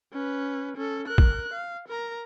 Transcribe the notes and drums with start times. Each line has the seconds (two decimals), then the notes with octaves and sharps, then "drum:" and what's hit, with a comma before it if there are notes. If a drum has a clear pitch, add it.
0.12 C#4 B4
0.77 C#4 A4
1.08 A#4 F#6
1.18 drum: kick
1.53 F5
1.88 A#4 A#5